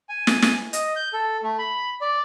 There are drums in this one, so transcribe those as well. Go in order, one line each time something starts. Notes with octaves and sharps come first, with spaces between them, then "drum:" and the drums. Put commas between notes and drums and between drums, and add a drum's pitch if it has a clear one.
G#5
drum: snare
drum: snare
D#5, drum: hi-hat
G6
A4
A3
B5
D5